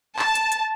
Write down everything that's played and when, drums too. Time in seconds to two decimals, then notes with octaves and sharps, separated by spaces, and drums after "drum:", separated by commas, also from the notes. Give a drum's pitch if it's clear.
0.19 A5, drum: clap
0.35 drum: hi-hat
0.52 drum: hi-hat